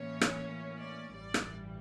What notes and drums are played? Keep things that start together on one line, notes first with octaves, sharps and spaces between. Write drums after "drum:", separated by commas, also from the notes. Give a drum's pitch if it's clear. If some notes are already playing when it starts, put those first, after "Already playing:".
Already playing: A2 E3 A#3 C#4 C#5
drum: rim click
D5
A1 G2 E3 G3 D5
drum: rim click